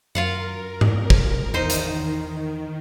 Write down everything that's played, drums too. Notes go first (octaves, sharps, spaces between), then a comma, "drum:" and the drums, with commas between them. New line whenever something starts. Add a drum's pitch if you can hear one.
F#2 F4 A#4 F5 F#5
drum: tom G#2
drum: kick
E2 D#3 D#4 C5
drum: hi-hat